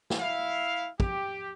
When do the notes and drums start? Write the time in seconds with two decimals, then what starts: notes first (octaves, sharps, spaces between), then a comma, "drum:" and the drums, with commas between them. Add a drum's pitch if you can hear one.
0.10 drum: snare
0.20 E4 E5 F5
1.00 G4, drum: kick